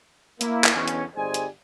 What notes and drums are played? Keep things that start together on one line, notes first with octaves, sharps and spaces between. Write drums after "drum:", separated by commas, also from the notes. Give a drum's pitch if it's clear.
A#3 E4, drum: hi-hat
drum: clap
E2 B2 D3 B3 C#4
drum: hi-hat
G1 G3 G#4 C5 D#5 G#5
drum: hi-hat